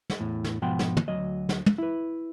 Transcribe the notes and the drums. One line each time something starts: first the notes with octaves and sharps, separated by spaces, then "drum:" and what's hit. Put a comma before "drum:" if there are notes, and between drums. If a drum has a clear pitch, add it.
drum: snare
E2 A2
drum: snare
G#2 B2 F3 F#5 G5 C6
drum: snare
drum: tom
D2 F#3 D#5
drum: snare
drum: tom
E4 B4